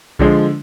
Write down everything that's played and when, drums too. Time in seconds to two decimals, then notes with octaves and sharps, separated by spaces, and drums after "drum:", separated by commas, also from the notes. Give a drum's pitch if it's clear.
0.19 D3 F3 G#3, drum: kick B1